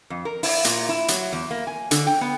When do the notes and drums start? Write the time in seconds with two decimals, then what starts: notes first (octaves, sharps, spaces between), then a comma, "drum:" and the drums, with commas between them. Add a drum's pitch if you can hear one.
0.10 F2
0.25 A#4
0.43 E4, drum: open hi-hat
0.64 A#2, drum: hi-hat
0.89 E4
1.08 F#3, drum: hi-hat
1.33 E2
1.51 A#3
1.67 G#5
1.91 D3, drum: hi-hat
2.07 G5
2.21 B3